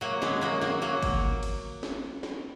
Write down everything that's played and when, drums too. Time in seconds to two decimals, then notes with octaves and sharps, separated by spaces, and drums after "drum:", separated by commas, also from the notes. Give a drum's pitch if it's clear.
0.01 F#3 A#3
0.22 G#3 B3, drum: snare
0.41 F#3 A#3
0.61 F#3 A#3, drum: snare
0.82 F#3 A#3
1.02 drum: kick G1, cymbal
1.43 drum: cymbal
1.83 drum: snare
2.23 drum: snare